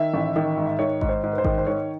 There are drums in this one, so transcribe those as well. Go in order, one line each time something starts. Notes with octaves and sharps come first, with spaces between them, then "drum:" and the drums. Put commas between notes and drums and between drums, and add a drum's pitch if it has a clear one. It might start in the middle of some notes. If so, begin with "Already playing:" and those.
Already playing: D#3 E5
A1
D#3
G#2
D#3 C#5
G#2, drum: kick A1
C5
G#2
B4
C5
D#3, drum: kick A1
C5
D#3 C#5